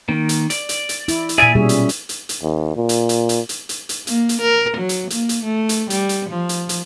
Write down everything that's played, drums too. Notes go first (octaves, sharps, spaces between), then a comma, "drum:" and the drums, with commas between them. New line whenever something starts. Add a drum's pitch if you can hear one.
D#3 A#3
drum: hi-hat
D5, drum: hi-hat
drum: hi-hat
drum: hi-hat
E4, drum: hi-hat
drum: hi-hat
A#2 G#4 D5 E5 G#5
B2 G3 C#4 G#4
drum: hi-hat
drum: hi-hat
drum: hi-hat
drum: hi-hat
D#2
A#2
drum: hi-hat
drum: hi-hat
drum: hi-hat
drum: hi-hat
drum: hi-hat
drum: hi-hat
A#3, drum: hi-hat
drum: hi-hat
A#4
F#3
drum: hi-hat
A#3, drum: hi-hat
drum: hi-hat
A3
drum: hi-hat
G3, drum: hi-hat
drum: hi-hat
F3
drum: hi-hat
drum: hi-hat